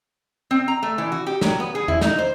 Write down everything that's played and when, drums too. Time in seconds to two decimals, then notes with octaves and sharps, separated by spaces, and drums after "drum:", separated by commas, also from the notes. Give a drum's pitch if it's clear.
0.51 C4
0.68 A#5
0.83 A3
0.98 E3
1.12 F#4
1.27 G4
1.41 F#3, drum: snare
1.60 B3
1.75 G#4
1.88 E4, drum: tom E2
2.01 D#4, drum: snare
2.19 C5